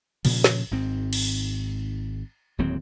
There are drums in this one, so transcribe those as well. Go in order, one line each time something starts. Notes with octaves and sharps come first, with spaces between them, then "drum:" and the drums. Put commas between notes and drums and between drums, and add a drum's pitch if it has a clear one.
G2 A#2 C#3 F3, drum: cymbal
drum: snare
G#1 G#2 C4
drum: cymbal
D1 D#2 F#3 C4